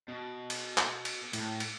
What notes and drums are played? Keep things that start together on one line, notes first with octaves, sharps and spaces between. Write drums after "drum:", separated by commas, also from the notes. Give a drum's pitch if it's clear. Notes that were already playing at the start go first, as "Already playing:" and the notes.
B2
drum: cymbal
drum: clap
drum: cymbal
A2, drum: cymbal
drum: cymbal